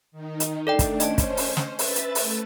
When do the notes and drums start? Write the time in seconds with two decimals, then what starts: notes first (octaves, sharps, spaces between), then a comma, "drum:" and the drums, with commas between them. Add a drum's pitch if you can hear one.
0.12 D#3 D#4
0.40 drum: hi-hat
0.67 A3 D4 A4 D5 G5
0.79 drum: kick, hi-hat
1.00 C#4 C5 D#5 A5, drum: hi-hat
1.18 drum: kick, hi-hat
1.37 drum: open hi-hat
1.57 drum: snare
1.79 B4 E5 A6, drum: open hi-hat
1.96 drum: hi-hat
2.15 A3, drum: open hi-hat